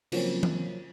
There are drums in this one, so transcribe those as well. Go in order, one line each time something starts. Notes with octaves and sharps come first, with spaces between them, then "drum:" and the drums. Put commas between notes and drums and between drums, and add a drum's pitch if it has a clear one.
C#3 F3 F#3 A#3 C4 C#4, drum: cymbal
drum: tom E3